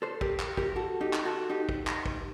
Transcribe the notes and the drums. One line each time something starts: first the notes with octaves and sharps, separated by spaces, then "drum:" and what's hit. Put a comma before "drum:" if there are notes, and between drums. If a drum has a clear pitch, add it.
A4 C5
G4 A#4, drum: kick
drum: clap
G4 A#4, drum: kick
F#4 A4
D#4 G4
drum: clap
F#4 A4
D#4 G4
drum: kick
drum: clap
drum: kick